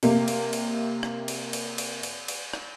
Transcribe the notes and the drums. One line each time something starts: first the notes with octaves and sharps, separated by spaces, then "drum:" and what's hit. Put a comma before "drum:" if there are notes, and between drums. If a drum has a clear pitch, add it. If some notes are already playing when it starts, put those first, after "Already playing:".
C3 A#3, drum: cymbal
drum: cymbal
drum: cymbal
drum: rim click
drum: cymbal
drum: cymbal
drum: cymbal
drum: cymbal
drum: cymbal
drum: rim click